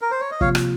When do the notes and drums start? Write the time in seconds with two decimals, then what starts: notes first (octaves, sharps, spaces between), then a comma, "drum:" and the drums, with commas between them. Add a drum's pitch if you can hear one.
0.02 A#4
0.11 C5
0.21 C#5
0.31 D#5
0.41 C3 F3 A#3 F4 C#5 F5, drum: kick
0.55 drum: rim click